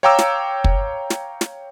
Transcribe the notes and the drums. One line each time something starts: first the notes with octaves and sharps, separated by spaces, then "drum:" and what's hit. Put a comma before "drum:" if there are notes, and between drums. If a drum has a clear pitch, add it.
C#5 F5 G5 A#5 D6 E6
drum: snare
drum: kick
drum: snare
drum: snare